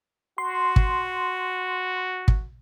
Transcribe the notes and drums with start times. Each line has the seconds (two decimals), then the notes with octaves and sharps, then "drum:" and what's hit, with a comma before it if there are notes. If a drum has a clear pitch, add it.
0.38 F#4 C6
0.76 drum: kick
2.28 drum: kick